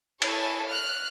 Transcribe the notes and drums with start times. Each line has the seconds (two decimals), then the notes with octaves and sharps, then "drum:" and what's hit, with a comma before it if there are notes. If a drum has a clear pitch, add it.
0.22 E4 A4 C#5 G#5 A5, drum: cymbal
0.69 F6 F#6